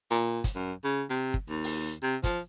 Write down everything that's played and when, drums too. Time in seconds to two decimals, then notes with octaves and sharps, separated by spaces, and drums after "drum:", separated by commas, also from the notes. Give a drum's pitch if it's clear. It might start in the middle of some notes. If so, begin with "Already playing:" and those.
0.11 A#2
0.44 drum: kick, hi-hat
0.55 F#2
0.84 C#3
1.10 C3
1.34 drum: kick
1.49 D#2
1.64 drum: open hi-hat
2.02 C3
2.24 F3, drum: kick, hi-hat